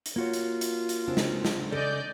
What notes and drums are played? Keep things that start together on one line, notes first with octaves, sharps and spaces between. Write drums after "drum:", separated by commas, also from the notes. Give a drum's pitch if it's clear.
drum: hi-hat
A#3 F4 F#4 C#5
drum: hi-hat
drum: hi-hat
drum: hi-hat
C#3 C4 D4
drum: snare
drum: snare
C#3 A4 D5 D#5 G6